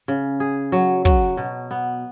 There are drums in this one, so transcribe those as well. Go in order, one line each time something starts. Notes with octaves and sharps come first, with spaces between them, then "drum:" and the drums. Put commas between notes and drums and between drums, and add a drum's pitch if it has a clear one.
C#3
G#4
F#3
F#3, drum: kick
B2
B3